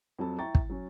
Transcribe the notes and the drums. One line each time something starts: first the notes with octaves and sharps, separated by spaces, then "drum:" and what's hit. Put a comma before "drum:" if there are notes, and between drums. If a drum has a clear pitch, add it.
F2 F#3 A4 A5
E4 G5 A#5 C#6 A6
drum: kick
F#3 C#4